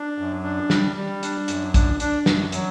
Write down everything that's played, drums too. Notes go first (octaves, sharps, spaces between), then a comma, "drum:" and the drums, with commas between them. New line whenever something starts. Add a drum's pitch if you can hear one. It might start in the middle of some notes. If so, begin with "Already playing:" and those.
Already playing: D4
F#2
D4
G3, drum: snare
G3
D4, drum: hi-hat
F#2, drum: hi-hat
D4, drum: kick, hi-hat
D4, drum: hi-hat
F#2, drum: snare
F#3, drum: hi-hat